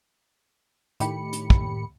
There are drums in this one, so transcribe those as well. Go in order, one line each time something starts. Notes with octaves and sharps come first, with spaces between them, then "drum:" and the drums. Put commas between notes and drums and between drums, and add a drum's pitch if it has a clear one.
A2 D#3 G4 B5 C#7, drum: hi-hat
drum: hi-hat
drum: kick